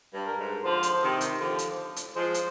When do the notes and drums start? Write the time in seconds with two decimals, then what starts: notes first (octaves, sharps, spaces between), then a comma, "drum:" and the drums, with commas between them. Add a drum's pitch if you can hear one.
0.13 G2
0.26 A#4
0.39 G#2
0.64 D3 F3 C5
0.83 drum: hi-hat
1.02 C3 D#3
1.21 drum: hi-hat
1.39 D3 F3
1.59 drum: hi-hat
1.96 drum: hi-hat
2.16 F3 G#3 C5
2.34 drum: hi-hat